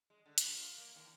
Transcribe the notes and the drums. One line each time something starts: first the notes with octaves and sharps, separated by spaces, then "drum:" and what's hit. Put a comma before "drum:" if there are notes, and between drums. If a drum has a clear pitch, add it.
G#3
D3
drum: hi-hat
A#2
A#3
D#2